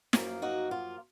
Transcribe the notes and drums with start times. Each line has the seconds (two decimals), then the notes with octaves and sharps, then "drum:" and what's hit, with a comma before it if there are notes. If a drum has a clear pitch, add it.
0.13 F#2 F3 A#3, drum: snare
0.42 D#4 F#4
0.71 F4